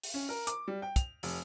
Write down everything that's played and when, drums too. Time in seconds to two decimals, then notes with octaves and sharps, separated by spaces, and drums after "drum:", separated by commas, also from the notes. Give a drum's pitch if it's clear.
0.03 drum: open hi-hat
0.14 C#4
0.29 A#4
0.47 D6, drum: hi-hat
0.68 G3
0.82 G5
0.96 F7, drum: kick, hi-hat
1.23 F1, drum: open hi-hat